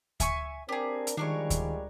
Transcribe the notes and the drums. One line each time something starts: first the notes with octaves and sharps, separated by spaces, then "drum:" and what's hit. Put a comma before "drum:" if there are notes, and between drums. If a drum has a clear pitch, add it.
E5 G#5 C#6, drum: kick D2, hi-hat
C4 D4 G4 G#4 A#4
drum: hi-hat
D#3 F3 G3 G#3 D4 A#4 C#5
drum: kick D2, hi-hat